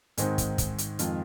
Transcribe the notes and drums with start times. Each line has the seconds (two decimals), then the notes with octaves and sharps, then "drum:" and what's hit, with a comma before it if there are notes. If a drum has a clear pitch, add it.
0.18 G#2 D#3 G#3 C4, drum: hi-hat
0.38 drum: kick, hi-hat
0.58 drum: kick, hi-hat
0.78 drum: hi-hat
0.99 F2 D#3 G#3 F4, drum: hi-hat